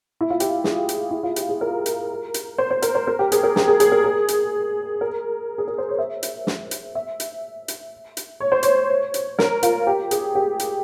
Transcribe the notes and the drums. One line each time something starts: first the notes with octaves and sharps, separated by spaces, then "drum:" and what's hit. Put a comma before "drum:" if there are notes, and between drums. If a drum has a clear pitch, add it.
E4
F4
G4, drum: hi-hat
G#4, drum: snare
drum: hi-hat
E4
F4
G4, drum: hi-hat
G#4
A#4
drum: hi-hat
drum: hi-hat
C5
C5
A#4, drum: hi-hat
C5
A#4
G4
G#4, drum: hi-hat
A#4
G#4, drum: snare
G#4
G#4, drum: hi-hat
A#4
G#4
drum: hi-hat
A#4
G#4
A#4
C5
C#5
E5
drum: hi-hat
drum: snare
drum: hi-hat
E5
drum: hi-hat
drum: hi-hat
drum: hi-hat
C#5
C5
C#5, drum: hi-hat
drum: hi-hat
A#4, drum: snare
F4, drum: hi-hat
G4
G#4, drum: hi-hat
G4
drum: hi-hat